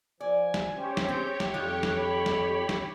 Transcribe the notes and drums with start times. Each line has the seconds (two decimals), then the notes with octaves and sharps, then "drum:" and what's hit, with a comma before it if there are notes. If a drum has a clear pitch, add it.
0.21 F3 D5 G#5
0.54 drum: snare
0.76 C#4 G4 C5 C#5
0.97 drum: snare
1.08 C4 G#4 G6
1.40 drum: snare
1.54 F2 D#3 G3 F4 F#6
1.83 drum: snare
1.97 B5
2.26 drum: snare
2.69 drum: snare